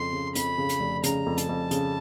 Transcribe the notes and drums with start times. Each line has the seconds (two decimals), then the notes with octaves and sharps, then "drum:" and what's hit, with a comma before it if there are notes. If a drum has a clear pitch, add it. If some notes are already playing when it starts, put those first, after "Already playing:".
Already playing: F2 C#3 C6
0.13 C#3
0.35 F2 B5, drum: hi-hat
0.58 C#3
0.69 drum: hi-hat
0.80 F1
1.03 C#3 A#5, drum: hi-hat
1.26 F2
1.38 A5, drum: hi-hat
1.49 F2
1.71 C#3, drum: hi-hat